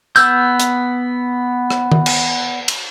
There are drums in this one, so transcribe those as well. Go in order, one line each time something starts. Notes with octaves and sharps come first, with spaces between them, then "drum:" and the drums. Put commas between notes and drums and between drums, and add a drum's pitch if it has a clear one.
B3 E6 G6, drum: tambourine
drum: hi-hat
drum: rim click
drum: tom D#3
drum: cymbal
drum: cymbal